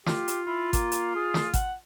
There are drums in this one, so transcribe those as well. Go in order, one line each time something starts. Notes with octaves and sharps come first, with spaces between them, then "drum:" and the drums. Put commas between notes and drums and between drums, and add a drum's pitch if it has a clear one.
F4 G4, drum: snare
drum: hi-hat
E4 F4
A#3, drum: kick, hi-hat
drum: hi-hat
G#4
drum: snare
F#5, drum: kick, hi-hat